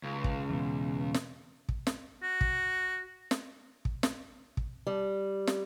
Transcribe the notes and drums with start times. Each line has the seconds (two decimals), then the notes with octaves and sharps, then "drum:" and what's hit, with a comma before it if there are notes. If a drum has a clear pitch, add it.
0.03 C#2
0.24 drum: kick
0.50 E2 B2
1.14 drum: snare
1.69 drum: kick
1.87 drum: snare
2.23 F#4
2.41 drum: kick
3.31 drum: snare
3.85 drum: kick
4.03 drum: snare
4.57 drum: kick
4.87 G3
5.47 drum: snare